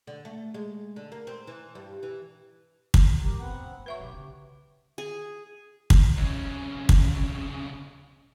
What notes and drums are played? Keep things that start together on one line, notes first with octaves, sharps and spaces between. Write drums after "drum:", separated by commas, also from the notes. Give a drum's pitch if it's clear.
D3
A3
G#3
D3
A#3
C4
E3
G2
E3
drum: kick
G2 G4 A#4
A#1 B3 C4 F#5
A#1 A2
F#3 F#4 B4 E5 C#6
B1 G4
C#3
G#4
drum: kick
B1 C#3
drum: kick